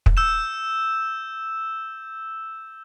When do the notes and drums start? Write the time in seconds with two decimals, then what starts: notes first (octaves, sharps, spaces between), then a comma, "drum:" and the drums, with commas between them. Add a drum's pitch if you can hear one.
0.06 drum: kick
0.17 E6 G6 E7